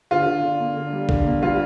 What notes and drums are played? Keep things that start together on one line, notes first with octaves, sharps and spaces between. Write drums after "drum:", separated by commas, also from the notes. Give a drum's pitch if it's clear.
D3 F4
D3
D3
A#3
D3
G3
D3, drum: kick B1
A#3
G3 F4